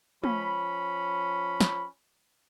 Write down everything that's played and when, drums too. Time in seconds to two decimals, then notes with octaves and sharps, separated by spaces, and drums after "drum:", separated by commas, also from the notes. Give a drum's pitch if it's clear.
0.24 F3 C#4 B5, drum: tom
1.60 drum: snare